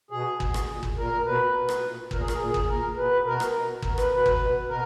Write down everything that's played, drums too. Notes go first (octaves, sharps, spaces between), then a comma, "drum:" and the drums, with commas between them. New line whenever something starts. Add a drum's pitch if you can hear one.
B2 G#4
B2, drum: kick
drum: rim click
A#2
drum: kick
A#2 A#4
B2 B4
B2
drum: rim click
A#2
A#2 A#4, drum: kick
G#4
A#4, drum: rim click
A#2 G#4
drum: kick
A#2 A#4
B2 B4
B2 A#4
drum: rim click
B2
B2 A#4, drum: kick
B4, drum: rim click
B2 B4
drum: kick
B2
B2 A#4